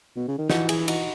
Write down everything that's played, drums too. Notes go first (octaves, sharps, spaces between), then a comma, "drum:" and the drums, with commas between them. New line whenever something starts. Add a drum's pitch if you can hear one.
B2
C#3
D#3
E3 D#4 F#4, drum: snare
E4 G#4, drum: cymbal
D#4 F#4, drum: cymbal